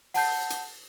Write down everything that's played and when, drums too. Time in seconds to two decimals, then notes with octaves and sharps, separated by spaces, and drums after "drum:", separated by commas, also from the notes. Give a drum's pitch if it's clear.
0.14 F#5 A5 G6 C7, drum: open hi-hat
0.50 drum: hi-hat